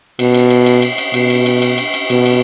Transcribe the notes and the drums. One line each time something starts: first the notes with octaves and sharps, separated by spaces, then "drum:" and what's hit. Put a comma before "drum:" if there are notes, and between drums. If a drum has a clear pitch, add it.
B2, drum: cymbal
drum: cymbal
drum: cymbal
drum: cymbal
drum: cymbal
drum: cymbal
B2, drum: cymbal
drum: cymbal
drum: cymbal
drum: cymbal
drum: cymbal
drum: cymbal
B2, drum: cymbal
drum: cymbal